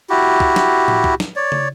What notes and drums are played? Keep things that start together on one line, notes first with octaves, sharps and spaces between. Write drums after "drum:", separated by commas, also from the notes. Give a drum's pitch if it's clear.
E4 F#4 G4
drum: kick
drum: snare
drum: tom A2
drum: kick
drum: snare
C#5 D5
drum: tom